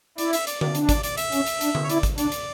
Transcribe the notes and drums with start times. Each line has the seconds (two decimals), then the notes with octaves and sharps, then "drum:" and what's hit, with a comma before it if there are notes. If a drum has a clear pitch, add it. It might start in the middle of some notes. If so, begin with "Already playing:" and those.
0.18 E4 D5, drum: hi-hat
0.33 E5, drum: hi-hat
0.47 D5, drum: hi-hat
0.61 D5, drum: tom D3
0.75 D4, drum: hi-hat
0.89 D5, drum: kick G#1, hi-hat
1.03 D5, drum: hi-hat
1.18 E5, drum: hi-hat
1.32 C#4, drum: hi-hat
1.46 drum: hi-hat
1.61 D4, drum: hi-hat
1.75 drum: tom D3
1.84 C#5
1.89 E4 D5, drum: hi-hat
2.03 drum: kick G#1, hi-hat
2.18 D4 D5, drum: hi-hat
2.32 drum: hi-hat